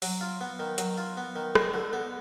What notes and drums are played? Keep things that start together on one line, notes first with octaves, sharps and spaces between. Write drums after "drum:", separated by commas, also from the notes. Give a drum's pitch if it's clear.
F#3, drum: open hi-hat
F4
B3
D#3
F#3, drum: hi-hat
F4
B3
D#3
G#3, drum: rim click
D3
B3